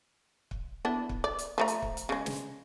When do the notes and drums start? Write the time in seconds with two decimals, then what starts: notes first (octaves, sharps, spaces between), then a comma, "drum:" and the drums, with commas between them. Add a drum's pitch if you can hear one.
0.51 drum: kick
0.85 B3 D4 E4
1.09 drum: kick
1.24 D5
1.39 drum: hi-hat
1.58 F3 A3 A#5
1.68 drum: hi-hat
1.82 drum: kick
1.97 drum: hi-hat
2.09 C#3 G#3
2.26 drum: snare